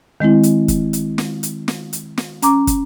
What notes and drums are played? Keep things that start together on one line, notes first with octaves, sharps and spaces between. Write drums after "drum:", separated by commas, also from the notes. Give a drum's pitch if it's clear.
D#3 G#3 C4 E4
drum: hi-hat
drum: kick, hi-hat
drum: hi-hat
drum: snare
drum: hi-hat
drum: snare
drum: hi-hat
drum: snare
C#4 A#5 D6, drum: hi-hat
drum: kick, hi-hat